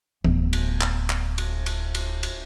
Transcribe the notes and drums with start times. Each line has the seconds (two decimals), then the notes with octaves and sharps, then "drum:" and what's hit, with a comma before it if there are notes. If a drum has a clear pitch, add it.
0.24 D1 B3, drum: tom E3
0.53 drum: cymbal
0.81 drum: clap
1.10 drum: clap
1.38 drum: cymbal
1.66 drum: cymbal
1.95 drum: cymbal
2.23 drum: cymbal